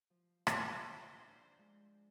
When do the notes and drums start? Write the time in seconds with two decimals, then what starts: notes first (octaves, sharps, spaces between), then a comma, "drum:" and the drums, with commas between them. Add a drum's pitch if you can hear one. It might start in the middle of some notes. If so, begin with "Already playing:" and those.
0.10 F3
0.47 F3 C5, drum: rim click
0.84 F3
1.21 D4
1.58 G#3